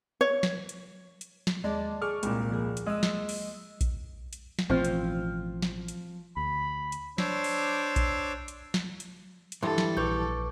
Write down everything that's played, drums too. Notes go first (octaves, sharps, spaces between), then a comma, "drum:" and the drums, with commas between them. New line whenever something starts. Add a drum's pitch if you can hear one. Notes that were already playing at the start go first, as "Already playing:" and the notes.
C#5
drum: snare
drum: hi-hat
drum: hi-hat
drum: snare
D#2 G#3 D5 A5
G#4 C#6 D6 F6
C2 A#2 G#3, drum: hi-hat
F3 A#3 G#4
drum: hi-hat
G#3 D#6 E6
drum: snare
drum: open hi-hat
drum: kick A#1, hi-hat
drum: hi-hat
drum: snare
A1 B2 F3 C4 F4
drum: hi-hat
drum: snare
drum: hi-hat
D2 B5
drum: hi-hat
D4 C5 C#5 D6 E6, drum: snare
drum: open hi-hat
drum: kick A#1, hi-hat
drum: hi-hat
drum: snare
drum: hi-hat
drum: hi-hat
G2 E3 A4 E5 C6
drum: snare
A#1 B4 C#6 D6 G6